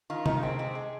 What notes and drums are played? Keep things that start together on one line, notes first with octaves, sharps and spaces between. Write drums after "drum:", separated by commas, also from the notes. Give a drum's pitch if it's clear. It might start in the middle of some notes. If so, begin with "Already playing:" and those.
D#3 F4
C3 D#4, drum: tom C3
G#3 C4
C3 C4
G#3